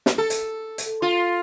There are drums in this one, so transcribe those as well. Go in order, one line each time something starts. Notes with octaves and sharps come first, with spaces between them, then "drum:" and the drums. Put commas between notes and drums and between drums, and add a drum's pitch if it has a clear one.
drum: snare
A4
drum: hi-hat
drum: hi-hat
F4